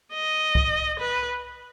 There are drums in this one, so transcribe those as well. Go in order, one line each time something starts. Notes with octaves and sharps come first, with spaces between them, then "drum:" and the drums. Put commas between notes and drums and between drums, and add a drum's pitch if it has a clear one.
D#5
drum: kick C2
B4